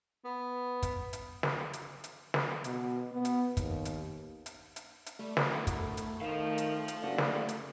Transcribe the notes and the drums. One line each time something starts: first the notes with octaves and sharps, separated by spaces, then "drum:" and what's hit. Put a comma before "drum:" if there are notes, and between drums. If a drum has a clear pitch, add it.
B3
drum: kick, hi-hat
drum: hi-hat
drum: snare
drum: hi-hat
drum: hi-hat
drum: snare
B2, drum: hi-hat
B3
drum: hi-hat
D#2, drum: kick, hi-hat
drum: hi-hat
drum: hi-hat
drum: hi-hat
drum: hi-hat
G3 A3
drum: snare
D2 B3 E4 A#4
drum: kick, hi-hat
drum: hi-hat
D#3 C5 F5
drum: hi-hat
drum: hi-hat
F#1 D4 F#4
drum: snare
drum: hi-hat